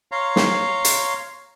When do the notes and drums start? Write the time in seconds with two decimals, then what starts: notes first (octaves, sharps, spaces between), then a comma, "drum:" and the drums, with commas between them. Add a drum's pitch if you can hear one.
0.12 C#5 F5 A#5 C6
0.36 drum: snare
0.85 drum: hi-hat